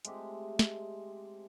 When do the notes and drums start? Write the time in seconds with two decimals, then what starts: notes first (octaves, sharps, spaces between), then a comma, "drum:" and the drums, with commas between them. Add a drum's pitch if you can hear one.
0.05 G#3 A3 C4 G4, drum: hi-hat
0.59 drum: snare